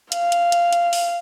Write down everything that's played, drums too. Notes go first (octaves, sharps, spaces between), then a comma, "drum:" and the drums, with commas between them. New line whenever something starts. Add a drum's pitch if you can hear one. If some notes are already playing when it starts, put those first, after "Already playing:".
F5, drum: hi-hat
drum: hi-hat
drum: hi-hat
drum: hi-hat
drum: open hi-hat